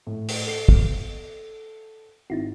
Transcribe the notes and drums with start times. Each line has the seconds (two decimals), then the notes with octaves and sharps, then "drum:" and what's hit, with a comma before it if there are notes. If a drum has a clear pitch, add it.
0.07 A2
0.29 drum: open hi-hat
0.47 A4 C7
0.69 B3, drum: kick
2.30 G#1 D#4 E4 F#4